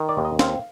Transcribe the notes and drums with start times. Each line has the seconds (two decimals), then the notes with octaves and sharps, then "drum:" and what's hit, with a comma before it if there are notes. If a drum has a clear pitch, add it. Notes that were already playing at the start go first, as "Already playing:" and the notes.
Already playing: D#3
0.09 D5
0.17 D#2
0.25 D#5
0.39 C4 F5, drum: snare